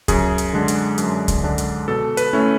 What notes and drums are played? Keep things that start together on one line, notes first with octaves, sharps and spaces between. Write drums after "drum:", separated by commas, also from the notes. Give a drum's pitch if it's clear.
F#2 G#4, drum: kick C#2, hi-hat
drum: hi-hat
D3 G#3 D4
drum: hi-hat
F#2, drum: hi-hat
drum: kick C#2, hi-hat
D3 G#3 D4
drum: hi-hat
B2 A4
B4, drum: hi-hat
A3 C#4 E4